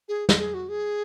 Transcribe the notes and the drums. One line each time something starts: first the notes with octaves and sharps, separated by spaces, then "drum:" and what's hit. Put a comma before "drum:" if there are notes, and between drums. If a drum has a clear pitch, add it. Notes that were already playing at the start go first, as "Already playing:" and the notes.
G#4
drum: snare
G#4
F#4
G#4